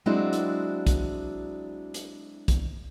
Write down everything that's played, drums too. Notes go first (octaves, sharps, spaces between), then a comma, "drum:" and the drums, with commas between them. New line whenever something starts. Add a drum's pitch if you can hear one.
F#3 G#3 C4 D4 E4 F#4
drum: hi-hat
drum: kick, hi-hat
drum: hi-hat
drum: kick, hi-hat